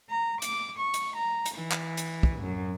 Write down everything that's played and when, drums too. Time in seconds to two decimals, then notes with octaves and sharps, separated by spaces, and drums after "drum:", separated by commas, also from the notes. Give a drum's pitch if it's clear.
0.10 A#5
0.42 D6, drum: hi-hat
0.79 C#6
0.94 drum: hi-hat
1.16 A#5
1.46 drum: hi-hat
1.55 E3
1.71 drum: clap
1.97 drum: hi-hat
2.23 drum: kick
2.41 F#2